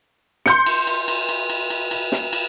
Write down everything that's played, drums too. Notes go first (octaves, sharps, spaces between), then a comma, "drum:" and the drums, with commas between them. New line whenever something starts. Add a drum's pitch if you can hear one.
C6 G6 C#7, drum: snare
drum: cymbal
drum: cymbal
drum: cymbal
drum: cymbal
drum: cymbal
drum: cymbal
drum: cymbal
drum: snare
drum: cymbal